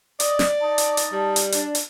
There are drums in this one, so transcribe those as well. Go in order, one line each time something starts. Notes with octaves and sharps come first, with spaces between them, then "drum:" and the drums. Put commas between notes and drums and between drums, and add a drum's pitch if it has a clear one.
D5 D#5, drum: hi-hat
drum: snare
D#4 A5
drum: hi-hat
drum: hi-hat
G3
drum: hi-hat
D4, drum: hi-hat
drum: hi-hat